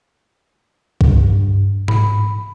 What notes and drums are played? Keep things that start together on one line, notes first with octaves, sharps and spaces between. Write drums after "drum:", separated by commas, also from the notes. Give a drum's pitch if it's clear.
G2, drum: kick B1
B5, drum: tom G#2